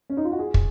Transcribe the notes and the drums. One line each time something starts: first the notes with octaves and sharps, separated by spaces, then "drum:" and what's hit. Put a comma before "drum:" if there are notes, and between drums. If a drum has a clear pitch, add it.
C#4
D#4
F4
F#4
G#4
drum: kick